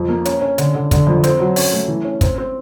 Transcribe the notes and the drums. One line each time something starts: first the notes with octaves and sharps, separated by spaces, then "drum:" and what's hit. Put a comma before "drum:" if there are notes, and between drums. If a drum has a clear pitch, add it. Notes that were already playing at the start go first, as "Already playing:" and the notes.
Already playing: F2
A#3
C#4, drum: hi-hat
C#4
D3, drum: hi-hat
D3
D3, drum: kick, hi-hat
F2
C4, drum: hi-hat
F#3
C#4, drum: open hi-hat
A3
E3
C#4
C4, drum: kick, hi-hat
C4